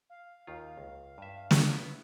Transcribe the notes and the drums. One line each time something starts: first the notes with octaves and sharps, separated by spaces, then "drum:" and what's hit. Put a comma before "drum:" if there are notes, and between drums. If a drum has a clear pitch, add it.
F5
D#2 D#3 F4
C#2
G2 E5
drum: snare
B3 E4